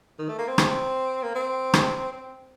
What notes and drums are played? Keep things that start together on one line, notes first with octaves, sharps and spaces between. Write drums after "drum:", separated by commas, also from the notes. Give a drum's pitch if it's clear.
D#3
A3
A#3
C4
drum: rim click
A#3
C4
drum: rim click
C4